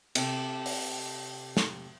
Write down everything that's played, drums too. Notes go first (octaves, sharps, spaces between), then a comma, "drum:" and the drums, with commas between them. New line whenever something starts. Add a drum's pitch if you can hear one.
C3 A4, drum: cymbal
drum: open hi-hat
drum: snare